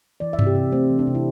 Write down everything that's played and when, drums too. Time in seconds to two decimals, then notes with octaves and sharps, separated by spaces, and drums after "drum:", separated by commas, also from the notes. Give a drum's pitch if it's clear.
0.20 E3 D5
0.33 E5
0.39 C3, drum: tom G2
0.47 G4
0.55 C3
0.72 A3 C4
0.90 E3
0.99 D4
1.07 C3
1.15 E4